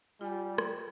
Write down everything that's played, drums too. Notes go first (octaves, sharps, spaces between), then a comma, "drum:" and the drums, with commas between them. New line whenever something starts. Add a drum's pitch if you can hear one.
G3 F4 G#5
drum: rim click